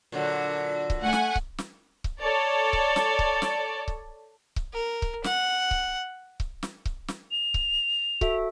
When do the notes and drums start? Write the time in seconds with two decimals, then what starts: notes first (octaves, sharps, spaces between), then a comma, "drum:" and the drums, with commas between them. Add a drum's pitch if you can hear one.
0.12 A#2 D3 F#3
0.90 drum: kick C#1
1.01 A3 F#5 G#5
1.13 drum: snare
1.36 drum: kick C#1
1.58 drum: snare
2.04 drum: kick C#1
2.20 A4 C#5 D5
2.73 drum: kick C#1
2.96 drum: snare
3.19 drum: kick C#1
3.42 drum: snare
3.88 drum: kick C#1
4.56 drum: kick C#1
4.73 A#4
5.02 drum: kick C#1
5.24 F#5, drum: snare
5.71 drum: kick C#1
6.40 drum: kick C#1
6.63 drum: snare
6.85 drum: kick C#1
7.08 drum: snare
7.31 F7
7.54 drum: kick C#1
8.21 F#4 A4 E5, drum: kick C#1